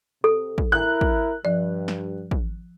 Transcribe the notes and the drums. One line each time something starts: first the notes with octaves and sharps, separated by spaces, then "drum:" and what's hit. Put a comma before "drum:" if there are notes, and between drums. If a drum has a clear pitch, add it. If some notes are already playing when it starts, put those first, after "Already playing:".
C3 A4
drum: kick
E4 A#4 F#6
drum: kick
G2 F3 D5
drum: snare
drum: kick